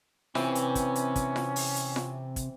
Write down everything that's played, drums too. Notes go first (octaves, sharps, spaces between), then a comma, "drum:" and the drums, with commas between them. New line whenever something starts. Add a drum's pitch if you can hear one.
C3 E3 C4 C#4, drum: snare F4
drum: hi-hat
drum: kick, hi-hat
drum: hi-hat
drum: kick, hi-hat
drum: snare F4
drum: open hi-hat
drum: hi-hat
drum: snare F4
drum: kick, hi-hat